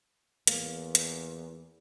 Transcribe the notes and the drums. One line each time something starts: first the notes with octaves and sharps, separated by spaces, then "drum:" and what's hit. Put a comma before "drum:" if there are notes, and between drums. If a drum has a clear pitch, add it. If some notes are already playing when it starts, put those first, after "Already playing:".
E2 A#3, drum: hi-hat
drum: hi-hat